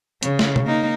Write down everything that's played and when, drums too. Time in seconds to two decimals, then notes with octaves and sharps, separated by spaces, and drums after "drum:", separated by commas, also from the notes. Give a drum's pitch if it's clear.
0.23 C#3, drum: hi-hat
0.39 drum: snare
0.56 drum: tom B2
0.65 A#3 D#4